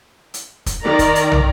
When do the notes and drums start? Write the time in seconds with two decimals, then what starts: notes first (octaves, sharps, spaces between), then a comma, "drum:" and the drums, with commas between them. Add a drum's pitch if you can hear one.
0.34 drum: hi-hat
0.66 drum: kick, hi-hat
0.83 D#3 A#4 D5 A#5
0.99 drum: kick, hi-hat
1.15 drum: hi-hat
1.32 drum: tom